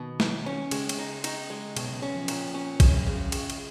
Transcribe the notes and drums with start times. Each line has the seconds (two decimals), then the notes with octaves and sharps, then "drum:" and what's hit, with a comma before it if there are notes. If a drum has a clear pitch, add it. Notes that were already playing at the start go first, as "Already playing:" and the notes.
Already playing: B2 D#3
0.20 B1, drum: snare
0.46 C#4
0.71 C#3 G#3, drum: cymbal
0.89 drum: cymbal
0.99 D#4
1.24 D#4, drum: cymbal
1.50 G#3
1.77 B1 B2, drum: cymbal
1.89 C#3
2.02 C#3 C#4
2.16 F3
2.28 A#2, drum: cymbal
2.54 C#4
2.80 C#2 F#3, drum: kick A1, cymbal
3.06 C#3
3.32 C#2, drum: cymbal
3.50 drum: cymbal